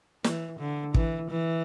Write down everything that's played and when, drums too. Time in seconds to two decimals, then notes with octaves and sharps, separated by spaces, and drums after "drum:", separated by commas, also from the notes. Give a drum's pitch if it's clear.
0.24 E3, drum: snare
0.59 D3
0.94 E3, drum: kick
1.30 E3